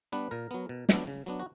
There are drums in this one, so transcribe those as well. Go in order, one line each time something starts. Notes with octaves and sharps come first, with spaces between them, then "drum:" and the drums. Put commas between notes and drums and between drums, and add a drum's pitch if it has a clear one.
G3 B3 D4 B4
A#2 A#4
F#3 B3
B2
F#3 B3 D4, drum: snare
C#3
F#3 B3 D4
F#4